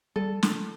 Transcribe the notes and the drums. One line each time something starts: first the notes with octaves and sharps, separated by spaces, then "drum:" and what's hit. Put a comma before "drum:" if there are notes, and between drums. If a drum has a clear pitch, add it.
G3 A4
drum: snare